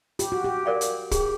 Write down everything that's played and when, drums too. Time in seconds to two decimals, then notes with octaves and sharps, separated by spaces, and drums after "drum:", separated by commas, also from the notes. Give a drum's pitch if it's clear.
0.19 F4 G4, drum: hi-hat
0.32 F#4
0.44 G4
0.66 A#4 D5 F5
0.81 drum: hi-hat
1.11 G4 G#4, drum: kick, hi-hat